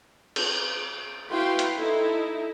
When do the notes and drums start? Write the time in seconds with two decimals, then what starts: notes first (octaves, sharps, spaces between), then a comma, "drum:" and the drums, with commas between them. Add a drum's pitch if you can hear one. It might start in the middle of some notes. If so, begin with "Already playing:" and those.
0.36 drum: cymbal
1.29 E4 F#4 B4 F5 G5 C6
1.59 drum: hi-hat
1.75 D#4 E4 A4